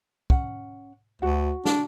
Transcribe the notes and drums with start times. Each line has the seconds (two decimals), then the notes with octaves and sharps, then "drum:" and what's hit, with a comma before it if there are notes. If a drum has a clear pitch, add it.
0.30 C#4 F#5, drum: kick
1.22 D2 F#4 F#5
1.65 D4, drum: snare